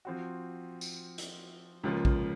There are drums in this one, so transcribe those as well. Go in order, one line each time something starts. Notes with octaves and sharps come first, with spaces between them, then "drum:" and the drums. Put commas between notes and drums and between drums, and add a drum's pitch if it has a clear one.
F3 C4 F#4
drum: tambourine
drum: hi-hat
C#2 C#3 F3 A#3 F4
drum: kick A#1